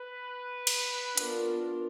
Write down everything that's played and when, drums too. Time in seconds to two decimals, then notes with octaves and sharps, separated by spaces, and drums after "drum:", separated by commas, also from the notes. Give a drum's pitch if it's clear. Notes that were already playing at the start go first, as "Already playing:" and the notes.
Already playing: B4
0.67 drum: cymbal
1.18 B3 D4 F4 A#4, drum: hi-hat